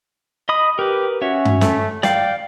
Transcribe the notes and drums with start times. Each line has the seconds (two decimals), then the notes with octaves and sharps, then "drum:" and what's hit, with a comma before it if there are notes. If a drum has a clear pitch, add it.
0.49 D#5 B5 D#6
0.79 G4 A#4 B4
1.22 C#4 F#4 C#5 E5
1.45 drum: tom G2
1.61 A3, drum: snare
2.03 D5 F5 G5, drum: snare